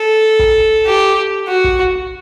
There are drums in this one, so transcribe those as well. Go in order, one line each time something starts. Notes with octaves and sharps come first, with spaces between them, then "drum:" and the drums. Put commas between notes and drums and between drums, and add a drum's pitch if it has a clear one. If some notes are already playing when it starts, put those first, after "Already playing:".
Already playing: A4
drum: kick
G4
F#4
drum: kick